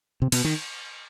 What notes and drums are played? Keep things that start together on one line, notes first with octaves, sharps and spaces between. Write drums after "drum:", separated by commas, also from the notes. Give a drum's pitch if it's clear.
C3
B2, drum: cymbal
D#3